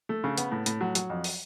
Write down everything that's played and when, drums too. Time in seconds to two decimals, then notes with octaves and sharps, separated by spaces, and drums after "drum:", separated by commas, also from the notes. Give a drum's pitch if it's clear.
0.09 A3
0.24 C#3
0.38 B3, drum: hi-hat
0.52 A2
0.66 A2, drum: hi-hat
0.81 F#3
0.95 F#3, drum: hi-hat
1.10 F2
1.24 drum: open hi-hat